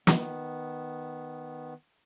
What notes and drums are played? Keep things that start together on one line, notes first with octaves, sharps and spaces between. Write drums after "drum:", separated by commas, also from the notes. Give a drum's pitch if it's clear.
D#3 B3, drum: snare